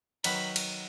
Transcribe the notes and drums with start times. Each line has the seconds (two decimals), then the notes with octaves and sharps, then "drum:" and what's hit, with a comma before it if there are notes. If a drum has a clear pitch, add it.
0.24 D#3 F#3 B3 F#4 B5, drum: cymbal
0.56 drum: cymbal